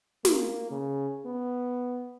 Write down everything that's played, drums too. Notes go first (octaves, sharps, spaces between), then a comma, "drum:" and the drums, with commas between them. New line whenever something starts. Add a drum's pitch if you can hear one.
A#3, drum: snare
C#3
B3